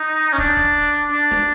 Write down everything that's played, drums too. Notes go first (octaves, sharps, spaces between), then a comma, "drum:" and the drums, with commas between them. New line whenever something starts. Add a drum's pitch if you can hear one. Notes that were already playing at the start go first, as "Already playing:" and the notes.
Already playing: D#4
C#4
D4, drum: kick
drum: kick
D4
drum: snare